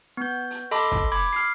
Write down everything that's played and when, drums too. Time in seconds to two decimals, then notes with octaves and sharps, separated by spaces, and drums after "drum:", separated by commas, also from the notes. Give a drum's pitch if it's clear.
0.17 B3 G6
0.50 drum: hi-hat
0.71 A4 D#5 A5 B5 C6 D6
0.92 drum: kick, hi-hat
1.12 B5 D6 G#6
1.33 F6 C7, drum: hi-hat